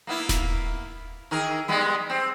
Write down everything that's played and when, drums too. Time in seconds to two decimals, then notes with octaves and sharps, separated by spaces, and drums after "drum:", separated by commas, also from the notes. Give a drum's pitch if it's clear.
0.07 A#3 B3 E4
0.29 drum: snare D#1
1.31 D#3 G#4 A#4
1.68 G3 G#3 B3
2.10 C4